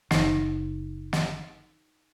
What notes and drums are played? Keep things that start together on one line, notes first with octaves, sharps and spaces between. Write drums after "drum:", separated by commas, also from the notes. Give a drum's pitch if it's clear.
F#1 D#4 C5, drum: snare
drum: snare